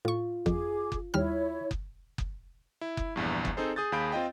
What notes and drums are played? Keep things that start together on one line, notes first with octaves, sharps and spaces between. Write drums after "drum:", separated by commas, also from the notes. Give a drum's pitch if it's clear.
A2 F4 C#6
F2 G#4 D6, drum: kick F#1
drum: kick F#1
D#2 G3 E4 C#5 F6
drum: kick F#1
drum: kick F#1
E4
drum: kick F#1
A#1 E2 G2
drum: kick F#1
C4 D#4 G#4 A4 C5
G#4 D#6 G6 A6
D#2 G#4 F5 B5 G6 D7
C4 F4 D#5 G5